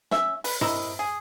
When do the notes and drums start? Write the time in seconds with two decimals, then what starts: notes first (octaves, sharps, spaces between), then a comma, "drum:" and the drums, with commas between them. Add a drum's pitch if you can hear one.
0.11 C#4 E5, drum: snare
0.44 B4, drum: open hi-hat
0.61 C3 E4 A#4 D#5, drum: tom
0.99 G#4